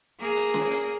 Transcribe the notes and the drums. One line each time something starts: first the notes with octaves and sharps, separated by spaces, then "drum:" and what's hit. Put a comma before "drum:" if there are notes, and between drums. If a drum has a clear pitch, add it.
A#3 G#4
drum: hi-hat
drum: snare C#4
drum: hi-hat